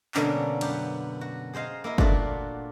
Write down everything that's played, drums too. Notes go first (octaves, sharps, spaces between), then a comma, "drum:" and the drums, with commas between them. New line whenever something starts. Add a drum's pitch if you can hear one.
B2 D3 G3 A#3 C#4 D4, drum: clap
F#2 G4 B4 F#5, drum: cymbal
F#4
G#4 C5 D#5 F5 A#5
A#3 E4 D#5
A#2 A3 D4 F4 F#4, drum: kick